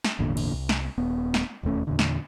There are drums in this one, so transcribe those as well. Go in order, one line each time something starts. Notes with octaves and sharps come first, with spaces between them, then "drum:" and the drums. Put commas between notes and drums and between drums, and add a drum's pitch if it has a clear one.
drum: snare
G#1 E2 A#2 D3
drum: cymbal
C2
drum: snare
D#1 B3
drum: snare
E1 D#2 A3 C#4
E2 A#2 D3
drum: snare